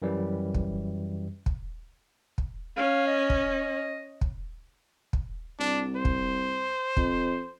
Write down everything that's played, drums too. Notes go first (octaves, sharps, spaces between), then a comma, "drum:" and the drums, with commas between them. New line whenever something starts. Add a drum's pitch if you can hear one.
F#2 E3 G3
drum: kick
drum: kick
drum: kick
C#4 F5
D#5
drum: kick
drum: kick
drum: kick
C2 D4
C5
drum: kick
F2, drum: kick